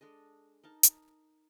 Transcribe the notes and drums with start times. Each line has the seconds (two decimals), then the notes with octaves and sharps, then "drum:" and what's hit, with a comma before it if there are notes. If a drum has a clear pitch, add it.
0.01 G#3 D4 A4 D#5
0.63 D#4 A#4 A5
0.83 drum: hi-hat